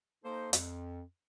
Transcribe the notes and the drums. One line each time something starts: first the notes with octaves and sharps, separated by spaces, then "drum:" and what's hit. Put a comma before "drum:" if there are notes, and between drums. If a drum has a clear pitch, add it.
A#3 D#4 A4 C5
F2, drum: hi-hat